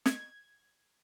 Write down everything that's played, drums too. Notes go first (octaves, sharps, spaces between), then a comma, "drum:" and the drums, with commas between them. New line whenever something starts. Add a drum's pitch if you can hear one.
G#6, drum: snare